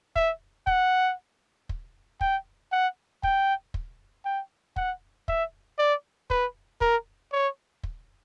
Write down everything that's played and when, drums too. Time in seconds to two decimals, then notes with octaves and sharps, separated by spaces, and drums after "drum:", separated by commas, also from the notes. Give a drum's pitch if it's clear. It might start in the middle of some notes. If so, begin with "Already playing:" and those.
0.16 E5, drum: kick
0.67 F#5, drum: kick
1.69 drum: kick
2.21 G5, drum: kick
2.72 F#5
3.23 G5, drum: kick
3.74 drum: kick
4.25 G5
4.76 F#5, drum: kick
5.28 E5, drum: kick
5.79 D5
6.30 B4, drum: kick
6.81 A#4, drum: kick
7.32 C#5
7.83 drum: kick